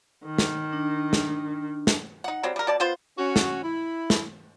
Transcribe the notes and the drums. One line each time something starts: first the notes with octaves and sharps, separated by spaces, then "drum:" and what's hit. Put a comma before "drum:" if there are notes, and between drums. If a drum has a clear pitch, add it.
D#3
drum: snare
D4
drum: snare
drum: snare
D#4 F#5
F#3 G3 C4
G3 A#4
B2 D5 A5
B3 F4 C5
C#4 F#4
drum: snare
E4
drum: snare